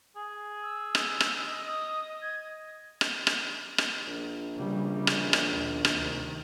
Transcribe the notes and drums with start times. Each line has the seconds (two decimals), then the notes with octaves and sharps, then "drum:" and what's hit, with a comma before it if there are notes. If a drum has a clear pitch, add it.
0.16 G#4
0.63 E6
0.95 drum: rim click
1.20 drum: rim click
1.46 D#5
1.67 D#6
2.22 G#6
3.01 drum: rim click
3.27 drum: rim click
3.78 drum: rim click
4.07 A#1
4.55 C#3 E3 G3
5.07 drum: rim click
5.33 drum: rim click
5.49 D#2 B2
5.85 drum: rim click
5.95 D2 C3 D#3